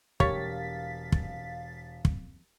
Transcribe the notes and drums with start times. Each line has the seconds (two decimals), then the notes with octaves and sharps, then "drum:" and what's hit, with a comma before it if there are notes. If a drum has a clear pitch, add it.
0.20 E1 G4 A#4 C#5 F5 A6 B6, drum: kick
1.12 drum: kick
2.05 drum: kick